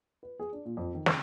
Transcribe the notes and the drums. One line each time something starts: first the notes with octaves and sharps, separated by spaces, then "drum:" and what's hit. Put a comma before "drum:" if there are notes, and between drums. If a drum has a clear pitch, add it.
B4
G#4
D4
A#2
F2
D#3
C#3, drum: snare